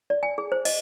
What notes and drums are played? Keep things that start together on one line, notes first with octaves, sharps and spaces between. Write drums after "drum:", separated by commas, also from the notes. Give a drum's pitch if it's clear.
D5
G#5
G#4
C5
D#5, drum: cymbal